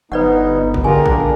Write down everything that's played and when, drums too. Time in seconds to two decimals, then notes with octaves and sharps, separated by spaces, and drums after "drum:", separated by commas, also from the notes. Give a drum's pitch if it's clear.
0.12 G1 B3 D#4 B4 D5 F#5
0.74 drum: kick A#1
0.84 D3 F4 G4 G#4 A#4 G#5
1.06 D4, drum: kick A#1